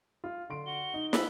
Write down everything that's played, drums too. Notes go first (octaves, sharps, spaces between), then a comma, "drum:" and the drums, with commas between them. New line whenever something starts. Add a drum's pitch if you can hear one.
F4
D3 C6 D7
F#4 G7
D#4
B4 E6, drum: snare